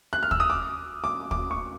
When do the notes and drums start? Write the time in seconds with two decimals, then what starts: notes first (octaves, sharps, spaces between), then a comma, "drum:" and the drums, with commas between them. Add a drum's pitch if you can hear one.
0.13 F#6
0.23 F6
0.31 E6, drum: kick
0.40 D#6
0.50 D6
1.04 D6
1.31 D6, drum: kick
1.51 C#6